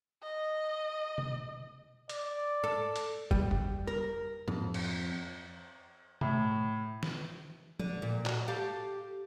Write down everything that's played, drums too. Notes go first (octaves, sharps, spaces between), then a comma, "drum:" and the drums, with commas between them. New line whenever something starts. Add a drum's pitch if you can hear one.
D#5
drum: tom B2
D5, drum: hi-hat
A4
drum: hi-hat
G3, drum: kick
drum: tom F2
A#4
F2, drum: tom G#2
drum: cymbal
A2, drum: tom B2
drum: snare
D3, drum: tom F3
A#2
F#4, drum: clap
G4 A4 F5